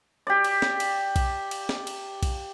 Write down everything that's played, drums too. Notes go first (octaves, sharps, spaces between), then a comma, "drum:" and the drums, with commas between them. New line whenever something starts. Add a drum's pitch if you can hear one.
G4 D5
drum: cymbal
drum: snare
drum: cymbal
drum: kick B1, cymbal
drum: cymbal
drum: snare
drum: cymbal
drum: kick B1, cymbal